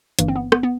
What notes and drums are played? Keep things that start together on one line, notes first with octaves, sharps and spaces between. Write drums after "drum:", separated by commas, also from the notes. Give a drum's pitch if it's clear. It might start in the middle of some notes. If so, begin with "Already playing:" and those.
G1 G2 E3 A#3, drum: hi-hat
C4
B3
B3, drum: rim click
B3